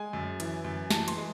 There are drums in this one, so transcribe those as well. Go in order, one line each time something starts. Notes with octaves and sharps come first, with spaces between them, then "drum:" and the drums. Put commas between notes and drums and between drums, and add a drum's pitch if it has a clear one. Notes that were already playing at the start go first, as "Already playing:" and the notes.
Already playing: G#3 G#5
F#2
E3, drum: cymbal
F#2
E3 A5, drum: snare
C6, drum: cymbal
G#3